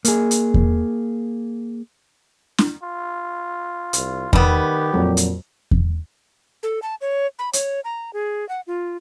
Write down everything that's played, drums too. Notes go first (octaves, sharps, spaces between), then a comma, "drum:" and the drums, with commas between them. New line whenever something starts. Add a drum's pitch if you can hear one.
A#3 G#4, drum: hi-hat
drum: hi-hat
drum: kick E2
drum: snare
F4
C2, drum: hi-hat
D#3 G3 B3 G4, drum: kick E2
F2 A#2 F#3
drum: hi-hat
drum: kick E2
A4
A5
C#5
B5
C#5, drum: hi-hat
A#5
G#4
F#5
F4